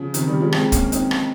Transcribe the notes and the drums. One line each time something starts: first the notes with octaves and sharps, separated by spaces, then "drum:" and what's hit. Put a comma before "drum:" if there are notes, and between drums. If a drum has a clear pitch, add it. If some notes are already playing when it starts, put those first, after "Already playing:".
Already playing: C#3 F3
C3 D#3, drum: hi-hat
D#3 G3
F3 G#3
G#3 C4, drum: rim click
A#3 C#4, drum: kick, hi-hat
C4 D#4, drum: hi-hat
drum: rim click